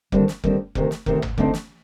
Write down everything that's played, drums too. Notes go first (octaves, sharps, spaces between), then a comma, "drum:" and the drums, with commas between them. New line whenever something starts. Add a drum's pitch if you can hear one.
D#2 D3 G3 C4, drum: kick F1
drum: snare
D#2 D3 G3 C4, drum: kick F1
D2 C3 D#3, drum: kick F1
drum: snare
D2 C3 D#3, drum: kick F1
drum: tom G1
D3 A3 C4 D#4 A4, drum: kick F1
drum: snare